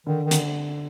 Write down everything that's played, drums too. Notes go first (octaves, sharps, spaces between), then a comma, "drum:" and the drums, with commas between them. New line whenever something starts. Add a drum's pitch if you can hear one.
D3 D#3
D#3
D3, drum: hi-hat